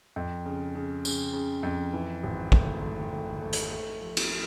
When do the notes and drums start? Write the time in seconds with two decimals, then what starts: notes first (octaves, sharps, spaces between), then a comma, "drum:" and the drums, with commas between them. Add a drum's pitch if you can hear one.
0.16 F2
0.46 C#3
0.75 C#3
1.05 C#3, drum: tambourine
1.34 C#3
1.63 F2
1.93 E3
2.23 G#1
2.52 A3, drum: kick
2.82 A3
3.12 A3
3.41 A3
3.53 drum: hi-hat
3.71 A3
4.01 F3
4.17 drum: cymbal